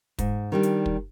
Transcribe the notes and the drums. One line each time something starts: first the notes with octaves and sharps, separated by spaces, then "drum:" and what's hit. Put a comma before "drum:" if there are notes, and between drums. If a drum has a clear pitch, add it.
G#2, drum: kick, hi-hat
D#3 G3 D4
drum: hi-hat
drum: kick